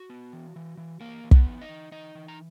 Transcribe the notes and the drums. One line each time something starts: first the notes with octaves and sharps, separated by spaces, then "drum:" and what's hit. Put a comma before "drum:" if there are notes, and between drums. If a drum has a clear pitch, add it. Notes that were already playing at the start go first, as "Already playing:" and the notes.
Already playing: F#4
B3
E3
E3
E3
E3 A#3 A#4
E3
B3 B4, drum: kick
D#4
D#4 D#5
E3
E3 D#4 D#5
E3
A#5